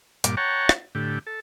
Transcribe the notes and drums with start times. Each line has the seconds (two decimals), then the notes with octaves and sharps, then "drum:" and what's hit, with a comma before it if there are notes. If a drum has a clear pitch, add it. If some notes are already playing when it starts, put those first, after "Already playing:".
0.24 G2 A#2 D6, drum: hi-hat
0.37 C#5 F#5 G5 A5 A#5 C#6
0.69 drum: rim click
0.95 A2 D3 G4
1.27 A4